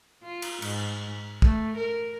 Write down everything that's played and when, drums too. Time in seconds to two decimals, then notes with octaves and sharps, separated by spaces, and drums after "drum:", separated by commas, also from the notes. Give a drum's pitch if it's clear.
0.23 F4
0.42 drum: cymbal
0.62 G#2, drum: cymbal
1.42 A3, drum: kick
1.77 A#4